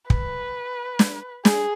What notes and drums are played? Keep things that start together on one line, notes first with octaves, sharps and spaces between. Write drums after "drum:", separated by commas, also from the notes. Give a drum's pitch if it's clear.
B4, drum: kick
drum: snare
G#4, drum: snare